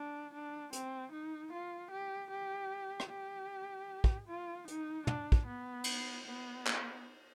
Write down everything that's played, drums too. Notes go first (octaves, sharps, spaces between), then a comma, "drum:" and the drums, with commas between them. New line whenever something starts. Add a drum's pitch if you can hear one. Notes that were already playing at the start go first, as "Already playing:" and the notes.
Already playing: D4
D4
C4, drum: hi-hat
D#4
F4
G4
G4
drum: rim click
G4
drum: kick
F4
D#4, drum: hi-hat
D4, drum: tom
drum: kick
B3
drum: cymbal
B3
drum: clap